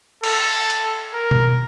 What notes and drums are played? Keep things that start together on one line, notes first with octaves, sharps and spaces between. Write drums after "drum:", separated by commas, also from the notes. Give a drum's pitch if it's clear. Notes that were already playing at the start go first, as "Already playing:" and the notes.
A4, drum: cymbal
drum: hi-hat
A#4
drum: tom B2